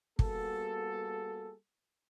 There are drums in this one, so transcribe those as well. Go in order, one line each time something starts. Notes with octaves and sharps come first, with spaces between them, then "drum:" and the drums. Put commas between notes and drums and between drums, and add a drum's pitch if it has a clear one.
G3 A#3 B3 F#4 G#4 A4, drum: kick